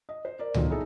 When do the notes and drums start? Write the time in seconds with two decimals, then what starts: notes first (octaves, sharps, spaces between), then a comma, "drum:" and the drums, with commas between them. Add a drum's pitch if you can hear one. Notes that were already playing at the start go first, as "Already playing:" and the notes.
0.09 D#5
0.25 C5
0.39 A#4 D5
0.54 A#2 D#3 F#3 B3 A4, drum: tom C#2
0.70 D#4 E4 G#4 A4